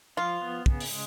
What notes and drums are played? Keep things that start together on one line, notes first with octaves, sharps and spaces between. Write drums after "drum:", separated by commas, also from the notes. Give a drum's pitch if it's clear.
F3 F4
B3
C#3, drum: kick
drum: open hi-hat
G#3